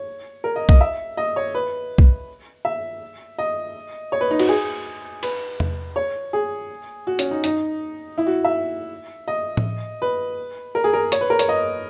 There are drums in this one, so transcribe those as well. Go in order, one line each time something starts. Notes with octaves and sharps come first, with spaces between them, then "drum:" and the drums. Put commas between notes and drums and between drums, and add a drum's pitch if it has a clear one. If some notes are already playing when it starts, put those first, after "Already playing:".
Already playing: C#5
A#4
D#5
D#5, drum: kick B1
E5
D#5
C#5
B4
drum: kick B1
E5
D#5
C#5
B4
D#4
F#4, drum: cymbal
G#4
B4, drum: cymbal
drum: tom E2
C#5
G#4
F#4
C#4, drum: hi-hat
D#4
D#4, drum: hi-hat
E4
F#4
E5
D#5
drum: tom A2
B4
A#4
G#4
A#4
C#5, drum: hi-hat
B4
A#4
C#5, drum: hi-hat
D#5